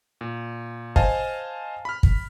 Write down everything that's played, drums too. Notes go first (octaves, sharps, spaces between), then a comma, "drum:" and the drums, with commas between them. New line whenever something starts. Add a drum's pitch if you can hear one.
A#2
C5 D#5 F5 G#5 A5, drum: kick
B5 F6
drum: kick